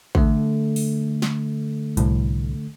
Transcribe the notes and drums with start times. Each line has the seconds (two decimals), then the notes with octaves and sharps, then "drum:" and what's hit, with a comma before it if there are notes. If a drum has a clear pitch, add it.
0.15 D3 A3, drum: kick A1
0.76 drum: open hi-hat
1.22 drum: snare
1.97 C2 A2, drum: hi-hat